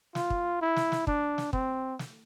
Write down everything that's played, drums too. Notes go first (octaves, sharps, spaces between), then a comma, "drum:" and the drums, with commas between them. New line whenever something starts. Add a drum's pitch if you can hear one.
F4, drum: snare
drum: kick
E4
drum: snare
drum: snare
D4, drum: kick
drum: snare
C4, drum: kick
drum: snare